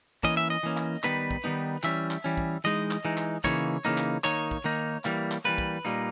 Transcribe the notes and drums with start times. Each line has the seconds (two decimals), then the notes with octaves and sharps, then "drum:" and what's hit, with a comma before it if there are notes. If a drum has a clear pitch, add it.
0.23 E3 A#3 C#4 D#5, drum: kick
0.37 E5
0.50 D#5
0.63 E3 A#3 C#4
0.77 drum: clap
1.04 D#3 G3 B3 D#4 B4, drum: clap
1.31 drum: kick
1.44 D#3 G3 B3 D#4
1.83 E3 G3 C#4 E5, drum: clap
2.11 drum: clap
2.24 E3 G3 C#4
2.37 drum: kick
2.64 E3 G#3 D#4 D#5
2.91 drum: clap
3.05 E3 G#3 D#4
3.18 drum: clap
3.44 C#3 E3 A#3 D#4 C#5, drum: kick
3.85 C#3 E3 A#3 D#4
3.98 drum: clap
4.24 D#3 A#3 D#4 C#5, drum: clap
4.51 drum: kick
4.64 D#3 A#3 D#4
5.05 E3 G3 A#3, drum: clap
5.31 drum: clap
5.45 E3 G3 A#3 B4
5.58 drum: kick
5.85 A#2 G3 A#3 D#4